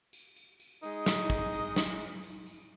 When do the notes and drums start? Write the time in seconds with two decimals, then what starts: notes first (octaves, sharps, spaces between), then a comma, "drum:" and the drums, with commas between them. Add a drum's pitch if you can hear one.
0.13 drum: tambourine
0.36 drum: tambourine
0.60 drum: tambourine
0.83 G#3 D#4 D#5, drum: tambourine
1.06 drum: snare
1.30 drum: kick, tambourine
1.53 drum: tambourine
1.76 drum: snare
2.00 drum: tambourine
2.23 drum: tambourine
2.46 drum: tambourine